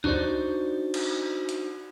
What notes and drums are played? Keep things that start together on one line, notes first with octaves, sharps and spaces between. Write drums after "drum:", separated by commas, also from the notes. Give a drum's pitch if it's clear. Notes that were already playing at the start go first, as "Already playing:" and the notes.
D4 D#4 F#4 C5 D5, drum: kick C2
drum: cymbal
drum: hi-hat